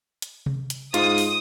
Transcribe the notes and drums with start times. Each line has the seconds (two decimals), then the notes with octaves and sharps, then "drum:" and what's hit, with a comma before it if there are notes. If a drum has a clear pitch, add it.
0.22 drum: hi-hat
0.46 drum: tom C3
0.70 drum: hi-hat
0.94 G#2 F4 D#6, drum: hi-hat
1.18 drum: open hi-hat